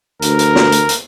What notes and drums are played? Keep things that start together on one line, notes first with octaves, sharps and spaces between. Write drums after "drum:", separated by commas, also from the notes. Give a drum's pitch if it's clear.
D2 A#4, drum: hi-hat
drum: hi-hat
drum: snare
drum: hi-hat
drum: hi-hat